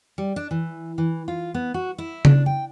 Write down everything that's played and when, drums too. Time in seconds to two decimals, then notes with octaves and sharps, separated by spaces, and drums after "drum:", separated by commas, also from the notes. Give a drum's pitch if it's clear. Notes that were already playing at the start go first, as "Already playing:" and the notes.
0.18 G3
0.36 D4
0.51 E3
0.98 E3
1.28 F4
1.54 B3
1.74 F#4
1.98 E4
2.25 D4, drum: tom C#3
2.46 G5